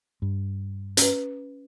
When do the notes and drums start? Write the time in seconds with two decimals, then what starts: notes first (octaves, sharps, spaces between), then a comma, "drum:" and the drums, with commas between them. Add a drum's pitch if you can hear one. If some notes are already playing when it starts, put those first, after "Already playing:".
0.22 G2
0.97 C#4 B4, drum: hi-hat